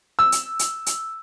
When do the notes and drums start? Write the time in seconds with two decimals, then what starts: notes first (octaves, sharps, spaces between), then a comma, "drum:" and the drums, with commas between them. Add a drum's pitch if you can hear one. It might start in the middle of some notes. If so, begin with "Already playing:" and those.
0.19 E6
0.32 drum: hi-hat
0.59 drum: hi-hat
0.86 drum: hi-hat